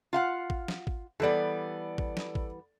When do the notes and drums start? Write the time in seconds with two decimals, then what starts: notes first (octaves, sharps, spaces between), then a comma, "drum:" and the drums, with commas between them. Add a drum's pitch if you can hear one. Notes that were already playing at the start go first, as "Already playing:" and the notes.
0.13 F4 F5 F#5
0.50 drum: kick
0.68 drum: snare
0.87 drum: kick
1.20 E3 G3 B3 A4 D5
1.98 drum: kick
2.17 drum: snare
2.35 drum: kick